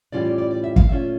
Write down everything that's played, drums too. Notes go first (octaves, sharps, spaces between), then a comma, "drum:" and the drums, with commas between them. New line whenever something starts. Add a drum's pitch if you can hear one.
A2 E3 G3 C#4 F4 D5
D5
D5
D5
E5
F5, drum: kick
A#2 A3 C#4 F4 E5